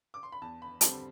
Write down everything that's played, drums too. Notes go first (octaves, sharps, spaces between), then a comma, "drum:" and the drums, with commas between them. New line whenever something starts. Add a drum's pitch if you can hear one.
D6
C6
B5
E2 A5
B5
D3 G3 C4 A5, drum: hi-hat